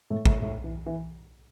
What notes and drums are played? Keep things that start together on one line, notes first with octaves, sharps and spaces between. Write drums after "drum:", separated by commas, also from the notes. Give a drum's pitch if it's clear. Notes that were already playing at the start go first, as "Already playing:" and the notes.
A2 A3
A2 A3, drum: kick
A2 A3
E3
E3